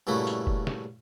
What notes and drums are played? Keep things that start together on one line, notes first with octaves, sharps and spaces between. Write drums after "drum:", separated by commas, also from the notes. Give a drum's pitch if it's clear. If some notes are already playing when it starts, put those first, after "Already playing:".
G2 A#2 C#3 A3 E4 F#4
drum: tambourine
drum: kick
drum: snare